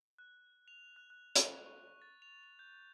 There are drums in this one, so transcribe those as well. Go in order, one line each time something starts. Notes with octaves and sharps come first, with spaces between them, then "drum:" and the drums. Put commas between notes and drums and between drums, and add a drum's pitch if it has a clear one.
F#6
F7
F#6
F#6
drum: hi-hat
C#6
A6
F7
F7
G6